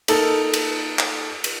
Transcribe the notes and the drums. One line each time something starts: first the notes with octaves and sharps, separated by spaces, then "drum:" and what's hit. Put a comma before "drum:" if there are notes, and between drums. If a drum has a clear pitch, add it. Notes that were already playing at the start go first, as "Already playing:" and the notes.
A#3 D#4 A4, drum: cymbal
drum: cymbal
drum: clap
drum: cymbal